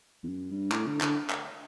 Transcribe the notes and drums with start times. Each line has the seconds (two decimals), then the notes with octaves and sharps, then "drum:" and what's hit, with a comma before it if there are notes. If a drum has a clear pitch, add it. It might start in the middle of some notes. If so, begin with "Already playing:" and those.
0.23 E2
0.29 F#2
0.51 G2
0.72 A2, drum: clap
0.87 D3
1.01 D3, drum: clap
1.30 drum: clap